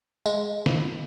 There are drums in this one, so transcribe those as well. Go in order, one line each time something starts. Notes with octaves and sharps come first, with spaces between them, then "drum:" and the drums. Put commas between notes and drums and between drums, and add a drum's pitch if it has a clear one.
G#3, drum: tambourine
drum: snare